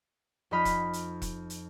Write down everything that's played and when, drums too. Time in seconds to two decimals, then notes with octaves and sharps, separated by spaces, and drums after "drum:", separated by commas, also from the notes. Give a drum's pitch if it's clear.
0.51 F2 D#4 D#5 B5 F6
0.65 drum: kick E1, hi-hat
0.93 drum: hi-hat
1.22 drum: kick E1, hi-hat
1.50 drum: hi-hat